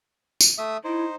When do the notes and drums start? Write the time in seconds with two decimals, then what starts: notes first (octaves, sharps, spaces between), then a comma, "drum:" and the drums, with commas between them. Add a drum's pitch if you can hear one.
0.41 drum: tambourine
0.58 A3 E5 D#6
0.84 D#4 E4 C5